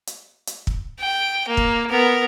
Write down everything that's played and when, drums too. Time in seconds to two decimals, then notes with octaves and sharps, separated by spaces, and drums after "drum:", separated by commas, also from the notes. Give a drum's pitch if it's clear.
0.07 drum: hi-hat
0.47 drum: hi-hat
0.67 drum: kick
0.99 G5
1.48 A#3
1.57 drum: kick
1.90 B3 A#4